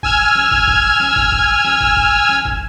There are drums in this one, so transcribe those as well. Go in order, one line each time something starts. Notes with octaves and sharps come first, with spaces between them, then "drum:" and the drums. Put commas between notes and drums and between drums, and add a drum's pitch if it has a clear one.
G#5 E6 F6 G#6, drum: kick
drum: snare
drum: kick
drum: kick
drum: snare
drum: kick
drum: kick
drum: snare
drum: kick
drum: kick
drum: snare
drum: kick